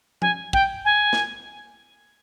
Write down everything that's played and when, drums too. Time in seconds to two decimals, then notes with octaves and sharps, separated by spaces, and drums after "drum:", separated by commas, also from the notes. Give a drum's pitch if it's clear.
0.22 G#5, drum: tom F3
0.53 G5, drum: kick
0.85 G#5
1.13 drum: snare